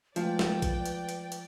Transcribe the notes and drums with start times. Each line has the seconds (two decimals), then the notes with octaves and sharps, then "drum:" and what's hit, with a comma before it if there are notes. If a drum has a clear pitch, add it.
0.16 F3 G#3 A3 B4 D5 G5, drum: hi-hat
0.39 drum: snare
0.62 drum: kick A#1, hi-hat
0.85 drum: hi-hat
1.09 drum: hi-hat
1.32 drum: hi-hat